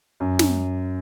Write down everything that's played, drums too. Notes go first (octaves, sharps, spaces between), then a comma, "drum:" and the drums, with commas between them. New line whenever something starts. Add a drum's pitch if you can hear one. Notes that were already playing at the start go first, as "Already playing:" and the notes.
F#2
drum: snare